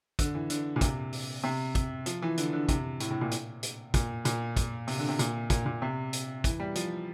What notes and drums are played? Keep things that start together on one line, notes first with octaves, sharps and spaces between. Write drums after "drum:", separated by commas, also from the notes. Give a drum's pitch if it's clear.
D3, drum: kick, hi-hat
E3
D3, drum: hi-hat
A#2
C3, drum: kick, hi-hat
drum: open hi-hat
C3
drum: kick, hi-hat
F3, drum: hi-hat
E3
D3, drum: hi-hat
D3
C3, drum: kick, hi-hat
A2, drum: hi-hat
A2
A#2
drum: hi-hat
drum: hi-hat
A#2, drum: kick, hi-hat
A#2, drum: hi-hat
drum: kick, hi-hat
C3, drum: open hi-hat
D3
C3
A#2, drum: hi-hat
A#2, drum: kick, hi-hat
A#2
C3
drum: hi-hat
E3, drum: kick, hi-hat
G3
F3, drum: hi-hat